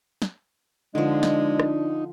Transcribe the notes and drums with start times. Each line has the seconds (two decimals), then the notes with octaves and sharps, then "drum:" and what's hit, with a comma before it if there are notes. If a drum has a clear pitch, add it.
0.22 drum: snare
0.95 D3 F3 G#3 D4 D#4
1.23 drum: snare
1.60 drum: rim click